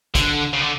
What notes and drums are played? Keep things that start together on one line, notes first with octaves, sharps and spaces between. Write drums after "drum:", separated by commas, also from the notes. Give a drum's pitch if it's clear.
D3, drum: kick, hi-hat
C#3
D3